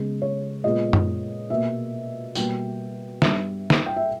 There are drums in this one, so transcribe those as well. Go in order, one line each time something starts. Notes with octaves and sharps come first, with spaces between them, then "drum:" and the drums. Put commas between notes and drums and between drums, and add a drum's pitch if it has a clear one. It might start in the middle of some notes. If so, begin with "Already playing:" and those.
Already playing: C#3 G#3 B3
C#5
A#2 G#3 B3 D#5
drum: tom F#2
B2 A#3 E5
B2 G3 A#3 G5, drum: tambourine
G2 G3 B3 E5, drum: snare
drum: snare
G5
E5